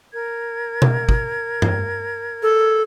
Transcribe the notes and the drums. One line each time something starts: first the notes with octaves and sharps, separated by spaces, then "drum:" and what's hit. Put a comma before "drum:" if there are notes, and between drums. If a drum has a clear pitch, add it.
A#4 G#6
drum: tom B2
drum: kick
drum: tom G2
A4